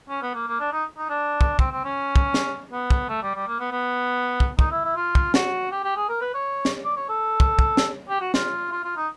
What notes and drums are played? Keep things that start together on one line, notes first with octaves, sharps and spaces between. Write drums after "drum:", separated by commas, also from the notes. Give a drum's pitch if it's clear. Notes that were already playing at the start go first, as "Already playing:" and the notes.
C#4
B3
A#3
A#3
D4
D#4
D#4
D4
drum: kick
C4, drum: kick
C4
C#4
drum: kick
drum: snare
B3
drum: kick
A3
G3
G3
A#3
B3
B3
drum: kick
D#4, drum: kick
E4
E4
F4
drum: kick
F#4, drum: snare
G4
G4
G#4
A#4
B4
C#5
drum: snare
D5
C#5
A4
drum: kick
drum: kick
drum: snare
G4
F#4
F4, drum: snare
F4
F4
D#4